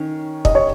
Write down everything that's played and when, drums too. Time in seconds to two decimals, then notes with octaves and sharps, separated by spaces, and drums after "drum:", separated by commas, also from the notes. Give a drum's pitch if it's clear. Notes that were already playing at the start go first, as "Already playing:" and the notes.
Already playing: D#3 C#4
0.45 D#5, drum: kick
0.55 C#5